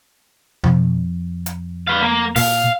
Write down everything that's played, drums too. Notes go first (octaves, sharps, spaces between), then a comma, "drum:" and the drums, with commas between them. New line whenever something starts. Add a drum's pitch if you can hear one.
F2, drum: tom B2
drum: hi-hat
B4 F5
A#3
A#2 F5, drum: open hi-hat